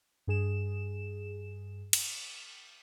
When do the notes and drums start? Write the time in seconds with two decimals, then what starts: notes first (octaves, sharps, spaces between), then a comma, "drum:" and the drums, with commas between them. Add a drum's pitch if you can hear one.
0.27 G2 G#4 E7
1.93 drum: cymbal